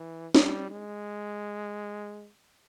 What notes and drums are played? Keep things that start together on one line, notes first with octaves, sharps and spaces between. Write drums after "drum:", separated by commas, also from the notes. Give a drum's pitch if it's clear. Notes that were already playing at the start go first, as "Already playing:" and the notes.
Already playing: E3
G3, drum: snare
G#3